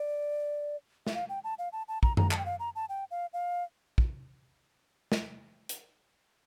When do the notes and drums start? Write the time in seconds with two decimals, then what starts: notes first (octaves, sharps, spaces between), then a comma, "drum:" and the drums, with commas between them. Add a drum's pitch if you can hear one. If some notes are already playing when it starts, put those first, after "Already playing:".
Already playing: D5
1.07 E5, drum: snare
1.15 F5
1.29 G5
1.44 A5
1.59 F5
1.73 A5
1.88 A5
2.03 A#5, drum: kick
2.17 A#5, drum: tom F#2
2.31 A5, drum: clap
2.38 G5
2.46 F5
2.60 A#5
2.75 A5
2.89 G5
3.11 F5
3.33 F5
3.98 drum: kick
5.12 drum: snare
5.69 drum: hi-hat